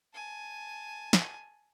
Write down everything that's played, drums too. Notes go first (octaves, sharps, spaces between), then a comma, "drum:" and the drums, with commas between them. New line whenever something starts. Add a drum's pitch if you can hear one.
G#5 A5
drum: snare